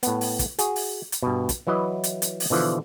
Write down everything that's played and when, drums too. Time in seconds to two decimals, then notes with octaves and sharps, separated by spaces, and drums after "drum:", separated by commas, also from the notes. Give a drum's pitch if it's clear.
0.03 A2 B3, drum: hi-hat
0.21 drum: open hi-hat
0.39 drum: kick, hi-hat
0.59 F#4 G#4, drum: hi-hat
0.76 drum: open hi-hat
1.12 drum: hi-hat
1.23 G2 B2
1.49 drum: kick, hi-hat
1.67 E3 F#3 E4 B4 D#5
2.04 drum: hi-hat
2.22 drum: hi-hat
2.40 drum: open hi-hat
2.50 B2 D3 E3 F3